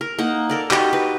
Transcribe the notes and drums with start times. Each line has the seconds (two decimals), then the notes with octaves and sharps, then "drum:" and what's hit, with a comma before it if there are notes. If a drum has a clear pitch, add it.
0.01 A#4
0.19 A#3 D#4 F#5
0.49 A4 A#4 D5
0.71 D#4 F#4 G4 D#5, drum: clap
0.93 B4